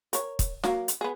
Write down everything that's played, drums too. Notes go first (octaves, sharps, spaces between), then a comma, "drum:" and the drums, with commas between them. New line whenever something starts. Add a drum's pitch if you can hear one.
A#4 C#5, drum: hi-hat
drum: kick, hi-hat
F#3 A#3, drum: snare
drum: hi-hat
B3 G#4